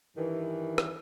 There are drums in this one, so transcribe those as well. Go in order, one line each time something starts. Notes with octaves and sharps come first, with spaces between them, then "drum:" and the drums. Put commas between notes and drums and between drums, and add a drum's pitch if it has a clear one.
G2 D#3 E3
drum: rim click